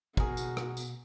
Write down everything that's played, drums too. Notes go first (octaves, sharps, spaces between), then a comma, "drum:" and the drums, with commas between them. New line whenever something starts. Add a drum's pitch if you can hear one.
B2 F#4 G#4 A#4, drum: kick
drum: tambourine
drum: rim click
drum: tambourine